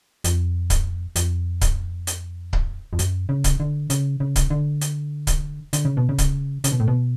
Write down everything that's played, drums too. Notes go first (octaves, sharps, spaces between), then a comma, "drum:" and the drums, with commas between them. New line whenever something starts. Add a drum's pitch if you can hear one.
F2, drum: hi-hat
drum: kick C#1, hi-hat
F2, drum: hi-hat
drum: kick C#1, hi-hat
drum: hi-hat
drum: kick C#1
F2
F#2, drum: hi-hat
C#3
drum: kick C#1, hi-hat
D3
C#3, drum: hi-hat
C#3
drum: kick C#1, hi-hat
D3
drum: hi-hat
drum: kick C#1, hi-hat
D3, drum: hi-hat
C#3
B2
C#3
drum: kick C#1, hi-hat
C#3, drum: hi-hat
B2
A2
B2